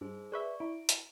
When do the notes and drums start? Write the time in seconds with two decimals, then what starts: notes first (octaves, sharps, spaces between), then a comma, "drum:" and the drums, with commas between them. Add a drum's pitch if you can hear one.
0.01 G2 D#4 G#4 C5
0.32 G#4 B4 D5 E5 C#6
0.60 E4 A#5 D7
0.89 drum: hi-hat